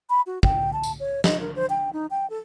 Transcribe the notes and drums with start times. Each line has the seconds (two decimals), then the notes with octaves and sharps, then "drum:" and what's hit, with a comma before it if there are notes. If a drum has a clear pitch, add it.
0.10 B5
0.27 F#4
0.43 G5, drum: kick
0.73 A5
0.83 drum: tambourine
1.00 C#5
1.24 D#5, drum: snare
1.40 A#4
1.56 C5
1.70 G5
1.93 D#4
2.11 G5
2.30 A4